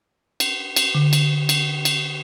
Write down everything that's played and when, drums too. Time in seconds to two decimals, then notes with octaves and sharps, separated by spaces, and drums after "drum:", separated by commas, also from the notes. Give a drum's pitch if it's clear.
0.40 drum: cymbal
0.76 drum: cymbal
0.95 D3
1.13 drum: cymbal
1.49 drum: cymbal
1.85 drum: cymbal